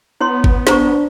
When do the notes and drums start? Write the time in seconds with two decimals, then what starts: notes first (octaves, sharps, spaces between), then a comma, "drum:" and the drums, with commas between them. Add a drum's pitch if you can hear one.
0.21 B3 E4 C#5 C6
0.44 drum: kick G#1
0.67 D4 C5 A#5 C#6, drum: snare